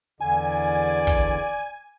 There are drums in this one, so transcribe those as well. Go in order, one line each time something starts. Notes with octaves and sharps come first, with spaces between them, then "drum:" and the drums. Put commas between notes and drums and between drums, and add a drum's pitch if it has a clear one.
E2 D3 D5 G#5
drum: kick